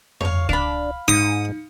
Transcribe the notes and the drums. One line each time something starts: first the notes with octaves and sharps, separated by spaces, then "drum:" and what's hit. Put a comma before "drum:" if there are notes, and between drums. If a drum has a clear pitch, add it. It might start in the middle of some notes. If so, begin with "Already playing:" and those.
C#5 F5, drum: tom F2
D4 F5 B5, drum: kick C#2
G#2 D#4 D#6